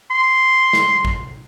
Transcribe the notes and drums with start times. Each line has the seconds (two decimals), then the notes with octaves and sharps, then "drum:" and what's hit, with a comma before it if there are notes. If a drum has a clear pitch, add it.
0.11 C6
0.73 drum: snare
1.05 drum: kick